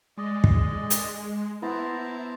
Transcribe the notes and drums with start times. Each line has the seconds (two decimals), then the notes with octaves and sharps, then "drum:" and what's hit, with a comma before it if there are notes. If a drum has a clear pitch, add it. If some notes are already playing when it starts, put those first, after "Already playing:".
0.18 G#3 D5 D#5
0.44 drum: kick
0.90 drum: hi-hat
1.62 B3 E4 C5 A5 A#5